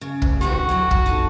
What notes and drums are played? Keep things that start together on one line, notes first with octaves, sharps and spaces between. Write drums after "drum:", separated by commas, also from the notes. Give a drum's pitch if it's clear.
C#3
D2, drum: kick
D#3 E3 F#4 G4
E3 F#3
drum: kick
F2 D#4 A4 A5